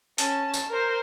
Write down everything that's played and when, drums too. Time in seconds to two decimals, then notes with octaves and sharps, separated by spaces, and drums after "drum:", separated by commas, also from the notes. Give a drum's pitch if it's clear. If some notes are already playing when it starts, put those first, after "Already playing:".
0.18 C#4 A5, drum: hi-hat
0.54 drum: tambourine
0.69 A#4 C5